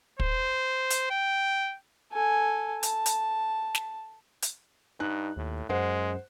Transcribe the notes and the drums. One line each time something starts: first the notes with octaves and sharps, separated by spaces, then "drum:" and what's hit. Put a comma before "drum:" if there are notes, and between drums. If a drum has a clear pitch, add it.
C5, drum: kick
drum: hi-hat
G5
A4 G#5
A5, drum: hi-hat
drum: hi-hat
drum: snare
drum: hi-hat
G2 D#4 F#6
D#2 A2
F#2 G#3 C5 F#5